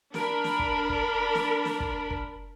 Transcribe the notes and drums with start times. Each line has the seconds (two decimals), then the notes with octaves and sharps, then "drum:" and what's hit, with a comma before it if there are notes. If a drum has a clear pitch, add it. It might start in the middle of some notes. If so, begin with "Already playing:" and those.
0.14 D4 A#4 B5, drum: snare
0.44 drum: snare
0.59 drum: kick
0.90 drum: kick
1.35 drum: snare
1.65 drum: snare
1.80 drum: kick
2.10 drum: kick